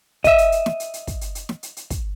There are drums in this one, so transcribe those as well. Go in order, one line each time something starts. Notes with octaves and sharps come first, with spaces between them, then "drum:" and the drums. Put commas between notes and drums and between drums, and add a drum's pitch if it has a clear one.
D#5 E5, drum: kick, hi-hat
drum: hi-hat
drum: hi-hat
drum: snare
drum: hi-hat
drum: hi-hat
drum: kick, hi-hat
drum: hi-hat
drum: hi-hat
drum: snare
drum: hi-hat
drum: hi-hat
drum: kick, hi-hat